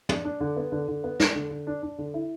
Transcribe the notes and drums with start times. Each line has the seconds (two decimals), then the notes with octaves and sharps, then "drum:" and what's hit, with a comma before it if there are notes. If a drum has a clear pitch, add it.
0.09 D4, drum: tom
0.25 D4
0.40 D3
0.56 B3
0.72 D3
0.88 D3
1.04 B3
1.20 D4, drum: snare
1.35 D3
1.50 D3
1.67 D4
1.83 D4
1.98 D3
2.14 E4